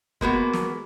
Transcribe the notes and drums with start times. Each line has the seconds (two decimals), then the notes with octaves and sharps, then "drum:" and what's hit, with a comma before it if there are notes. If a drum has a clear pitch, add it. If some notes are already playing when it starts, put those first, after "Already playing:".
0.21 G#3 A#3 B3 F#4, drum: kick F#1
0.53 drum: snare